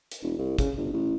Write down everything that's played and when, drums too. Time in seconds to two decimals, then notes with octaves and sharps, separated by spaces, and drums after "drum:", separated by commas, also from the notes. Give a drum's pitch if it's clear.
0.12 drum: hi-hat
0.22 E1
0.38 C2
0.59 C#3, drum: kick, hi-hat
0.78 G1
0.93 A1